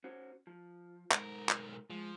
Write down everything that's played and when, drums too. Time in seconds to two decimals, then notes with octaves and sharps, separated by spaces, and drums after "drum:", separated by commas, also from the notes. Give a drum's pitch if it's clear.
0.04 C#4 F#4 C5
0.47 F3
1.11 B1 G#2 A#4, drum: clap
1.49 drum: clap
1.90 F3 G#3